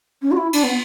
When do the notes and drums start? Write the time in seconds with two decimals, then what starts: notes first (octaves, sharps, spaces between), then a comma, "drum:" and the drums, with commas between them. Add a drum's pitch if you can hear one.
0.22 C#4
0.31 F#4
0.37 E4
0.53 D4, drum: cymbal
0.64 B3